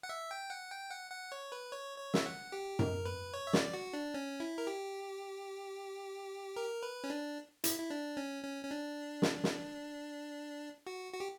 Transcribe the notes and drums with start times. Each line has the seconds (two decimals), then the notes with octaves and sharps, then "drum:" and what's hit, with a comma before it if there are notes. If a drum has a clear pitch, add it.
0.03 F#5
0.09 E5
0.31 G5
0.50 F#5
0.71 G5
0.91 F#5
1.11 F#5
1.32 C#5
1.52 B4
1.72 C#5
1.98 C#5
2.14 E5, drum: snare
2.26 F#5
2.52 G4
2.79 A#4, drum: tom F#2
3.06 B4
3.34 C#5
3.47 E5
3.53 D5, drum: snare
3.73 F#4
3.93 D4
4.14 C#4
4.40 E4
4.58 A#4
4.67 G4
6.56 A#4
6.83 B4
7.04 C#4
7.10 D4
7.64 E4, drum: hi-hat
7.79 E4
7.90 D4
8.17 C#4
8.44 C#4
8.64 C#4
8.71 D4
9.22 drum: snare
9.44 drum: snare
10.87 F#4
11.13 F#4
11.20 G4